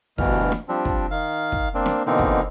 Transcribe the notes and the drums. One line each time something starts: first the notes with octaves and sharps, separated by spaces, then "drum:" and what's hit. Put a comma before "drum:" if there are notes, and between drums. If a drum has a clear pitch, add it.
D2 G2 B2 E3 F6, drum: kick
drum: snare
F3 G3 C4 D4
drum: kick
D#3 F5
drum: kick
A#3 C4 D4
drum: snare
B2 D3 E3 A#3 C4 D#4
drum: kick